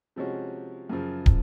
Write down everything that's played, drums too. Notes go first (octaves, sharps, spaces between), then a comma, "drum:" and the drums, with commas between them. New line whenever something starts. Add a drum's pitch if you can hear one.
C3 F3 G#3 C#4 F#4
F#2 C#3 F3
drum: kick